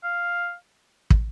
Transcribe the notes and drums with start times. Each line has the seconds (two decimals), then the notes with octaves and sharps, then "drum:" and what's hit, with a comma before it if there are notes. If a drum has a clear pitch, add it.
0.04 F5
1.10 drum: kick